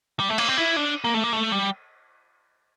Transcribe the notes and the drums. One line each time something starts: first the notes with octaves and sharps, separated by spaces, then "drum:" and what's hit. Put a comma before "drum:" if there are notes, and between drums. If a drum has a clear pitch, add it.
G3
A3
A#3, drum: cymbal
C4
E4
D4
A#3
A3
A#3
A3
G3